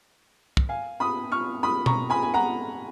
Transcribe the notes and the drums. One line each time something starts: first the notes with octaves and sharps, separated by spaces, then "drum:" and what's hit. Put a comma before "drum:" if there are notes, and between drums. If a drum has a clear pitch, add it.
drum: kick
F5 G#5
B5 D#6
C#6 F6
B5 D#6
A#5 C#6, drum: tom B2
G#5 B5
G#5
F#5 A#5